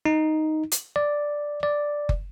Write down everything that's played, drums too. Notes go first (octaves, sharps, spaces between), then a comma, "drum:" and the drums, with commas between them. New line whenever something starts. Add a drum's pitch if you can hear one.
D#4
drum: hi-hat
D5
D5
drum: kick